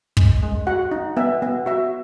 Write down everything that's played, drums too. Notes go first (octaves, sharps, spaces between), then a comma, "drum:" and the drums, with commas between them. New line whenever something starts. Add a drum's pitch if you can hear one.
G#3, drum: kick
G#3
F#4 F#5
D#4
B3 E5
B3
F#4 E5